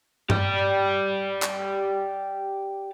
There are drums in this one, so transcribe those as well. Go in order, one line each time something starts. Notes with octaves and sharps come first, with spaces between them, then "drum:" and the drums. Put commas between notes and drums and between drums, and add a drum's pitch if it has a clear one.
G4 D5, drum: tom G2
drum: clap